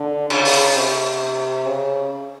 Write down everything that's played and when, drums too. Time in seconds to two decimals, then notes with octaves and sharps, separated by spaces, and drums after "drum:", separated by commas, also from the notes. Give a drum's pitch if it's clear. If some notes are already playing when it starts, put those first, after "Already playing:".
Already playing: D3
0.30 C#3, drum: cymbal
0.45 drum: open hi-hat
0.75 C3
1.66 C#3